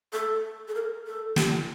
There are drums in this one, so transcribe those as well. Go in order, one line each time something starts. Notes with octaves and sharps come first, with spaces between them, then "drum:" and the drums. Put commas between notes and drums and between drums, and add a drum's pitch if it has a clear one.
A4
A4
A#4
A4
G4, drum: snare